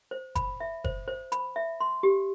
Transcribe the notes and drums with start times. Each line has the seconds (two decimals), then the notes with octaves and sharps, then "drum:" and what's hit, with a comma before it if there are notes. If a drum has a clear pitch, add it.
0.11 C5
0.35 B5, drum: kick F#1, hi-hat
0.60 E5
0.84 C5, drum: kick F#1
1.08 C5
1.32 B5, drum: hi-hat
1.56 E5
1.80 C6
2.03 G4